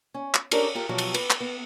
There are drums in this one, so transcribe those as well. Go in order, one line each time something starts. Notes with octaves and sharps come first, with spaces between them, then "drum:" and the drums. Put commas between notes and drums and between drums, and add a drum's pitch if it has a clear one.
C#4
drum: clap
C#4 D4 G4 A4 A#4 D5, drum: cymbal
F4 G4 A#4
B2 F3 F#3 G4
drum: cymbal
B4, drum: cymbal
drum: clap
B3